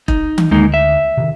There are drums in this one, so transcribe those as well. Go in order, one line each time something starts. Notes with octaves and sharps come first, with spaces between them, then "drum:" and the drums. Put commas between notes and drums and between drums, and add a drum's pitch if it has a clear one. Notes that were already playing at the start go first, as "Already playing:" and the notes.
D#4, drum: kick
drum: tom D#3
D2 G#3 A#3 D#4
E5
C3 D#3